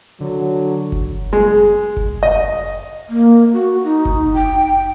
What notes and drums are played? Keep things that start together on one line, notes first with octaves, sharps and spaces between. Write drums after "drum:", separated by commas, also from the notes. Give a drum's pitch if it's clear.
D3 F#3
drum: kick F#1, hi-hat
G#3
drum: kick F#1, hi-hat
D#5
A#3
F#4
D#4
drum: kick F#1, hi-hat
G5